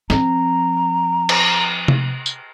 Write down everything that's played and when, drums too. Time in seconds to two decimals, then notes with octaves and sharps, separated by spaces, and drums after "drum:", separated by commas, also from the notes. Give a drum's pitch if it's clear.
0.10 F3 C4 A#5, drum: snare
1.29 drum: cymbal
1.88 drum: tom C3
2.26 drum: tambourine